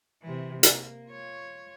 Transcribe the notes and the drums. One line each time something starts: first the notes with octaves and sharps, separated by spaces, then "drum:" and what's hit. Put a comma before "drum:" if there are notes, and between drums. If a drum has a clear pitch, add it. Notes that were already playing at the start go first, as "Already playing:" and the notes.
C3 E3
A#3, drum: hi-hat
F4 C#5